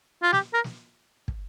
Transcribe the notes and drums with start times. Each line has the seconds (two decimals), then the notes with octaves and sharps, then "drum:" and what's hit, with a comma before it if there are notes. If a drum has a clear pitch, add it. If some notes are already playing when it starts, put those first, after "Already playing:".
0.22 F4
0.32 G4, drum: snare
0.54 A#4
0.64 drum: snare
1.28 drum: kick